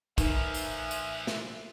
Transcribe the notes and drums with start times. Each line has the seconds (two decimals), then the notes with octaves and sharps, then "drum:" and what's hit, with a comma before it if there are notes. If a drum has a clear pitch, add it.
0.18 A#2 F3 D#4 A#4 B4 E5 G#5 F#6, drum: kick, tambourine
0.54 drum: tambourine
0.91 drum: tambourine
1.27 drum: snare